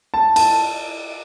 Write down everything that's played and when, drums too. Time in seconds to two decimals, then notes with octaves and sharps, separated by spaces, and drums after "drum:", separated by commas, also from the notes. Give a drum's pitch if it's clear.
0.14 A5
0.36 A5, drum: cymbal